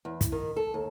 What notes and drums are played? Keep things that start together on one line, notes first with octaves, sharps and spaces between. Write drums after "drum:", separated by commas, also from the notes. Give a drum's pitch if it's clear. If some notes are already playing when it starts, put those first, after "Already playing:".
E2
drum: kick, hi-hat
D#3
A4
D#2